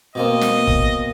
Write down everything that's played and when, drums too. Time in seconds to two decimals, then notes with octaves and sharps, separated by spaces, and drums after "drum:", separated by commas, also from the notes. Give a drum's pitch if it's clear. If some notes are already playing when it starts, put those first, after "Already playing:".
0.15 B2 A#3 C4 D#5
0.41 drum: snare
0.67 drum: kick